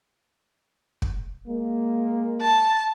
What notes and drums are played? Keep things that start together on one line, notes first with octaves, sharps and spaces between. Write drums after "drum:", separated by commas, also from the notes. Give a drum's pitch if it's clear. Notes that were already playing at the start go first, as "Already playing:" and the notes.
drum: kick
G#3 A#3
A5